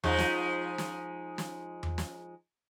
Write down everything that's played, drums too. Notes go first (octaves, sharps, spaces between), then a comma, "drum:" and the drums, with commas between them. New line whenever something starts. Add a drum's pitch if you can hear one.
F3 G#3 D#4, drum: tom E2
drum: snare
drum: snare
drum: snare
drum: tom E2
drum: snare